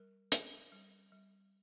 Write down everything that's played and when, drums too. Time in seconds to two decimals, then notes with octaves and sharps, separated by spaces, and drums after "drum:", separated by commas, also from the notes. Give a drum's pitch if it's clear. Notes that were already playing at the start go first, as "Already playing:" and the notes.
Already playing: G3 A#4
0.32 C4, drum: hi-hat
0.72 G3
1.12 G3